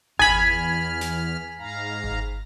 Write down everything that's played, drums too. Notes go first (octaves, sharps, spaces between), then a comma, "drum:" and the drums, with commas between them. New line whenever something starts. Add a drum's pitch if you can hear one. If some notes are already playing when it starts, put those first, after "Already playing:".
E2 G#5 B5 F6 G#6, drum: kick G1
drum: snare
G#2 F5 A#5
drum: kick G1